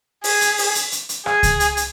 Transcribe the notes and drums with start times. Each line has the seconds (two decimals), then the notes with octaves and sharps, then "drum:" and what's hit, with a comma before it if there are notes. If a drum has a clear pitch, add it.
0.24 G#4, drum: open hi-hat
0.41 drum: hi-hat
0.58 drum: open hi-hat
0.75 drum: hi-hat
0.92 drum: hi-hat
1.09 drum: hi-hat
1.26 G#4, drum: rim click
1.43 drum: kick C#2, hi-hat
1.60 drum: hi-hat
1.77 drum: hi-hat